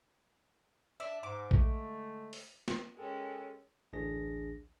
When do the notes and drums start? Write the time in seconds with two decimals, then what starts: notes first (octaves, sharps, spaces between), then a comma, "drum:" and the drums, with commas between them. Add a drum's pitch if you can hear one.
1.00 D4 E5
1.23 G#2 D6
1.51 D3 G#3 A3, drum: kick A#1
2.33 drum: open hi-hat
2.68 drum: snare
2.97 G#3 C#4 G4 A4 A#4 G5
3.93 A1 D2 D4 G#4 A#6